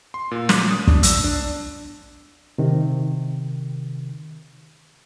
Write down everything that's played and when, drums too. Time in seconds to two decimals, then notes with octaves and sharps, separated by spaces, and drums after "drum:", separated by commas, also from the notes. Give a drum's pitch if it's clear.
0.14 C6
0.31 A#2
0.49 D6, drum: snare
0.71 D#6
0.87 D4, drum: kick
1.03 E6, drum: hi-hat
1.24 D4
2.58 C3 D#3